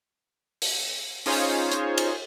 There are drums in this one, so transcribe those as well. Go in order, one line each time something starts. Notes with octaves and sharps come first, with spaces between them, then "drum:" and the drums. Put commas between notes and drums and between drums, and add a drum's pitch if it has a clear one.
drum: open hi-hat
C#4 D#4 F4 G#4 C5 C#5, drum: open hi-hat
drum: hi-hat
drum: cymbal